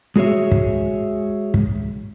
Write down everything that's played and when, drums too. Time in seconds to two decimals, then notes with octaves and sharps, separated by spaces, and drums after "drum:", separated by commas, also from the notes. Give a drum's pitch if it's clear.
0.16 G#3 F#4 G#4 C#5 E5
0.51 drum: kick
1.54 drum: kick